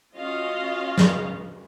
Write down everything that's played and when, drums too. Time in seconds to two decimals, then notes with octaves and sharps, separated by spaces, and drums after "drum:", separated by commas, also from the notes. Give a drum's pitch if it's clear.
0.16 C#4 F4 F#4 D#5 F5
0.98 drum: snare